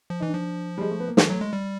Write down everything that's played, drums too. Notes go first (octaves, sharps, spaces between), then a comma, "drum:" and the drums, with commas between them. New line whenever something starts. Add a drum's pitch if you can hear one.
F3
E3 D#4
D4
F3
G3
G#3
A3
B3
A#3
E3 A3, drum: snare
F#3
G#3
G3